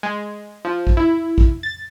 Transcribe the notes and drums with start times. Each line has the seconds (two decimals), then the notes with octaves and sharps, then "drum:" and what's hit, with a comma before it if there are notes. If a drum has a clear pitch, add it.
0.03 G#3
0.65 F3
0.87 drum: kick
0.97 E4
1.38 drum: kick
1.63 A6